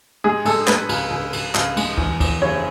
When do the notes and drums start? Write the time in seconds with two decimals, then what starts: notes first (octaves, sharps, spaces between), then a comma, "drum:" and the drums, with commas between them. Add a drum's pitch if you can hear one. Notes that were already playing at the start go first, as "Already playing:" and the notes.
0.24 G#3 G#4
0.45 G#3 A4, drum: cymbal
0.67 G#3 B4, drum: clap
0.89 C#2, drum: cymbal
1.10 C#2
1.33 C#2, drum: cymbal
1.55 C#2, drum: clap
1.77 G#3, drum: cymbal
1.98 E2, drum: kick
2.20 E2, drum: kick, cymbal
2.42 F#1 C#5